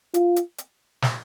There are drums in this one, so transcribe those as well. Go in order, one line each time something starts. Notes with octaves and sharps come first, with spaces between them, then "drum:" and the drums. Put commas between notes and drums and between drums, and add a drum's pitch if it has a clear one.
F4, drum: hi-hat
drum: hi-hat
drum: hi-hat
drum: snare